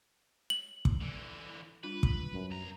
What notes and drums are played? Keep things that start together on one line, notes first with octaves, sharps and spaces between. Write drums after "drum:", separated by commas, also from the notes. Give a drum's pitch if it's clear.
F#7
drum: kick
D3 E3
G3 D4 F4 B4
drum: kick
F#2
C2 A#5